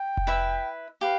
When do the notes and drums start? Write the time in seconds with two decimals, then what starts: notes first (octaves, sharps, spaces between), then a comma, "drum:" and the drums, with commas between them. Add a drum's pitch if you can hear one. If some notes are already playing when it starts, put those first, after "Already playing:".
Already playing: G5
0.17 drum: kick F1
0.27 E4 B4 E5 B5
1.01 G4 B4 F5